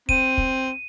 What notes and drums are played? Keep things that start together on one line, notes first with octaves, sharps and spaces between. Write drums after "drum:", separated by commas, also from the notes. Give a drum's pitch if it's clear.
C4 D#7, drum: kick
drum: kick